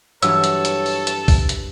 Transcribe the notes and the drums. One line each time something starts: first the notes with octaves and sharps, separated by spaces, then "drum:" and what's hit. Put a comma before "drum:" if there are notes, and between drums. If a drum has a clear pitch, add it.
G2 E3 F#3 A4 C#5 E6, drum: hi-hat
drum: hi-hat
drum: hi-hat
drum: open hi-hat
drum: hi-hat
drum: kick, open hi-hat
drum: hi-hat